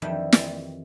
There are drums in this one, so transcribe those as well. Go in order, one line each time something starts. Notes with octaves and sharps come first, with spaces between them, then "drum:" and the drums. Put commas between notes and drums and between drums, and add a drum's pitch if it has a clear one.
F2 D#3 E3 G3
drum: snare